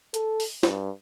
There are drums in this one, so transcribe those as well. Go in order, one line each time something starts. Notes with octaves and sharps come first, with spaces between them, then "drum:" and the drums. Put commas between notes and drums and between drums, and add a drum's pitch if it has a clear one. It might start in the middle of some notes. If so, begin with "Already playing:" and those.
A4, drum: hi-hat
drum: open hi-hat
G2, drum: snare